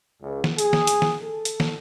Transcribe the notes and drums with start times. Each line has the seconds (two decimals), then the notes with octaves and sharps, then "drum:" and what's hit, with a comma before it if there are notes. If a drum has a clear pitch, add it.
0.22 C#2
0.44 drum: snare
0.58 G#4, drum: hi-hat
0.73 drum: snare
0.87 drum: hi-hat
1.02 drum: snare
1.23 A4
1.45 drum: hi-hat
1.60 drum: snare